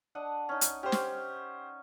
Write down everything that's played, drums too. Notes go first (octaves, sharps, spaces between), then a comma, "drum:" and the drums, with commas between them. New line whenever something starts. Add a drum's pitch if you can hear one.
D4 D#5 F#5
C#4 D#4
drum: hi-hat
C#4 G4 C5
drum: snare